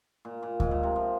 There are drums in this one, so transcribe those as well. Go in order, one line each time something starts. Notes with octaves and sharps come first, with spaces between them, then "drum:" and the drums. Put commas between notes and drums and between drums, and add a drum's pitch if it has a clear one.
A#2
A#2
G#2, drum: kick D2
A#2
C3
F3